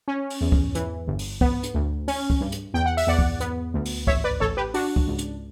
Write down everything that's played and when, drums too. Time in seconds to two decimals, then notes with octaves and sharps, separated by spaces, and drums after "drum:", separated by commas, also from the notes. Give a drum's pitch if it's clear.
0.08 C#4
0.30 drum: open hi-hat
0.41 E2
0.52 drum: kick C#2
0.75 E3, drum: hi-hat
1.07 G1
1.19 drum: open hi-hat
1.41 B3, drum: kick C#2
1.63 drum: hi-hat
1.74 D2
2.08 C#4, drum: open hi-hat
2.30 drum: kick C#2
2.41 G2
2.52 drum: hi-hat
2.74 E2 G5
2.86 F#5
2.97 E5, drum: open hi-hat
3.07 E2 D5 F#5
3.19 drum: kick C#2
3.40 B3, drum: hi-hat
3.74 D2
3.85 drum: open hi-hat
4.07 A1 C#5 E5, drum: kick C#2
4.24 B4 D5
4.40 A1 A4 C#5
4.57 G4 B4
4.74 D4 F#4, drum: open hi-hat
4.96 drum: kick C#2
5.07 C#2
5.18 drum: hi-hat